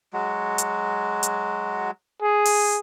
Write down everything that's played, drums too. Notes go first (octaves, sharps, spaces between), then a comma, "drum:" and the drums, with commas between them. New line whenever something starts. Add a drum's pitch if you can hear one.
F#3 G#3 F#4
drum: hi-hat
drum: hi-hat
G#4
drum: open hi-hat